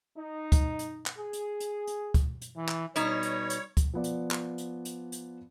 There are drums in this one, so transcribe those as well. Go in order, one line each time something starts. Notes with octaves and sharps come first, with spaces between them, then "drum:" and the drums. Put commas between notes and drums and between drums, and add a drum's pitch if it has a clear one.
D#4
drum: kick, hi-hat
drum: hi-hat
drum: clap
G#4
drum: hi-hat
drum: hi-hat
drum: hi-hat
drum: kick, hi-hat
drum: hi-hat
E3
drum: clap
B2 G3 D#4 C#5, drum: hi-hat
drum: hi-hat
drum: hi-hat
drum: kick, hi-hat
F3 B3 D5
drum: hi-hat
drum: clap
drum: hi-hat
drum: hi-hat
drum: hi-hat